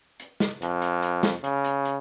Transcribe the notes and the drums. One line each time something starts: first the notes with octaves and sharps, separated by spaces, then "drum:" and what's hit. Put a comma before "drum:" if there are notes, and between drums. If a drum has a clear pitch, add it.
drum: hi-hat
drum: snare
F2, drum: hi-hat
drum: hi-hat
drum: hi-hat
drum: snare
C#3, drum: hi-hat
drum: hi-hat
drum: hi-hat